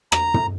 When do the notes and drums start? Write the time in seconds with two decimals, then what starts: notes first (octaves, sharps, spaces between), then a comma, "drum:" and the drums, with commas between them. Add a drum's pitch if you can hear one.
0.12 A#5, drum: rim click
0.34 drum: tom